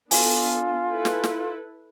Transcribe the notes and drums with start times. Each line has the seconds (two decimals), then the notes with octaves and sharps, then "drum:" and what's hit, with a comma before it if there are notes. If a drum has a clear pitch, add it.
0.11 B3 D4 F4 A4 G#5, drum: open hi-hat
0.91 E4 A4 B4
1.05 drum: snare
1.24 drum: snare